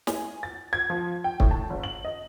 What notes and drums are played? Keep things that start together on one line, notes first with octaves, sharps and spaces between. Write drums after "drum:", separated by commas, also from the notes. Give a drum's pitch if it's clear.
G#5, drum: snare
A6
G#6
F3
G5
A2, drum: kick
A5
F#1
F#7
D#5